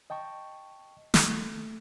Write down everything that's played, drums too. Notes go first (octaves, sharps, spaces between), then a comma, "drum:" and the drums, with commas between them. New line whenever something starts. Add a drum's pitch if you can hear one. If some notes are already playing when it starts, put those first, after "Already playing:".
D#5 G5 A5 C#6
A3, drum: snare